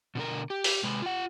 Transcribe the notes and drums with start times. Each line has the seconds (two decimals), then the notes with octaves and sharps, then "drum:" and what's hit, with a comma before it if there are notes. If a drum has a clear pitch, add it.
0.15 B2 D3 A#4
0.50 G4
0.64 drum: open hi-hat
0.84 C3 G#3 B4
1.02 F4 F#5